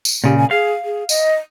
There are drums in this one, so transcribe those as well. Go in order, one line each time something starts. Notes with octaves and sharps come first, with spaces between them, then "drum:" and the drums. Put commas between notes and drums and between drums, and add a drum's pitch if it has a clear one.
drum: tambourine
A#2 C#3 G4
G#5
G#4 F5
G#4
D#5, drum: tambourine